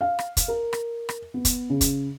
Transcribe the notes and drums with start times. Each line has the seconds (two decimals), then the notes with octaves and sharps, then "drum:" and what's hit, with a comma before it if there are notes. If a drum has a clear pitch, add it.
0.01 F5
0.19 drum: rim click
0.37 drum: kick, hi-hat
0.48 A#4
0.73 drum: rim click
1.09 drum: rim click
1.34 B3
1.45 drum: kick, hi-hat
1.70 C#3
1.81 drum: kick, hi-hat